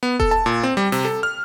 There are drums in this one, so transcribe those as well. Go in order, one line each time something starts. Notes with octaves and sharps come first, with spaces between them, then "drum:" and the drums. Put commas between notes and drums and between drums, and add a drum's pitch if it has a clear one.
B3
A4, drum: kick E1
A5
A#2
C4
G3
C3, drum: open hi-hat
A4
F6